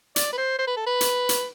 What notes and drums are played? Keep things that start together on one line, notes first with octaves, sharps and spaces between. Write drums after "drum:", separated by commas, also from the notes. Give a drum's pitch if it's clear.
D5, drum: hi-hat
B4
C5
C5
B4
A4
B4
drum: hi-hat
drum: hi-hat